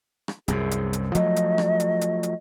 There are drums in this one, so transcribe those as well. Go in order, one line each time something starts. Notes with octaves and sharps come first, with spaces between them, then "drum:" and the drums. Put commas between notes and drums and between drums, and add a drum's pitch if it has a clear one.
drum: rim click
C2 F#2 C3 G#4, drum: hi-hat
drum: hi-hat
drum: hi-hat
F3 F#3 A3 D#5, drum: hi-hat
drum: hi-hat
drum: rim click
drum: hi-hat
drum: hi-hat
drum: hi-hat